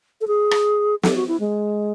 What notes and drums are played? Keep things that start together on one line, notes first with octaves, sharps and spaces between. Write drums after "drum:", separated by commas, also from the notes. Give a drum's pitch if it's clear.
A4
G#4
drum: rim click
A4, drum: snare
F#4
E4
G#3